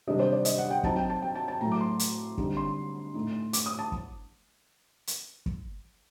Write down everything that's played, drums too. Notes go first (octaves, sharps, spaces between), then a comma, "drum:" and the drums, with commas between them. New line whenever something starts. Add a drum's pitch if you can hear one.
C3 D#3 G3 D4 D#5
C5
D5
D#5, drum: hi-hat
F#5
G5
F#3 C4 D#4 A5, drum: kick
G5
A5
G5
A5
A5
A2 F#3 A3 A#5
D6
C6
drum: hi-hat
D3 G3 C4 D#4, drum: kick
C6
A2 A3 D#4
D6, drum: hi-hat
D#6
A5
drum: kick
drum: hi-hat
drum: kick